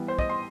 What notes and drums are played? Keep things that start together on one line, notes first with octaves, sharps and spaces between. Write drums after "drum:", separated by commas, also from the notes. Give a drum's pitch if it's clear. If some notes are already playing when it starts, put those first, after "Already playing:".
Already playing: E3 G3 B3
C5
D#5, drum: kick
C6